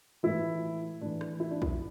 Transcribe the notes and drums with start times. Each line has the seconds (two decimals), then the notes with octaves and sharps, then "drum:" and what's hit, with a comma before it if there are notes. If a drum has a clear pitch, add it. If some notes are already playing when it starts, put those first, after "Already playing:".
0.23 A2 E3 E4
1.01 A2 E3 D4
1.21 drum: rim click
1.40 E4
1.51 D4
1.62 E4, drum: kick A#1